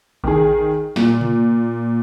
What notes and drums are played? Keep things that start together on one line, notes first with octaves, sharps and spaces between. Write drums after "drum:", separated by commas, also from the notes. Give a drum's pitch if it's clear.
D#3 G#4, drum: kick A1
A#2, drum: snare
drum: tom C3